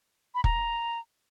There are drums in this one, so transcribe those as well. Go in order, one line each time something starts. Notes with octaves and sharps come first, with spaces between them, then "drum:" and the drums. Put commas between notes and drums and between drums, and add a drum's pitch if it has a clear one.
B5
A#5, drum: kick